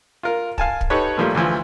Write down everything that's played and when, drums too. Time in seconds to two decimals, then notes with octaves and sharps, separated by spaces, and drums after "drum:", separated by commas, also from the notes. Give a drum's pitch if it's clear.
0.23 F4 A#4
0.58 F5 G#5 A5, drum: kick
0.81 drum: kick
0.90 D#4 G4 A4 B4 C#5
1.18 A#2 F3 G3 A3
1.35 D2 E3 F3